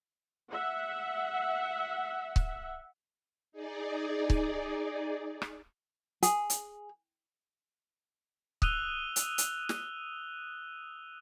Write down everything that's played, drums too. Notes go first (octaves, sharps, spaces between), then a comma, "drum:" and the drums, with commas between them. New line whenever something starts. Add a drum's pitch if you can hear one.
E5 F#5
drum: kick C#1
D#4 G#4 D5
drum: kick C#1
drum: rim click
G#4, drum: hi-hat
drum: hi-hat
D#6 E6 F#6 D#7 F7 G7, drum: kick C#1
drum: hi-hat
drum: hi-hat
drum: snare